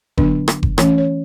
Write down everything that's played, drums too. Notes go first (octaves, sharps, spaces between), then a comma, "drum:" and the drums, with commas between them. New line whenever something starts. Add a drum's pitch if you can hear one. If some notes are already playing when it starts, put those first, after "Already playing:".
D3 F#3 B3 D4, drum: kick F#1
drum: rim click
drum: kick F#1
E3 A3 C#4 C#5, drum: rim click
C#5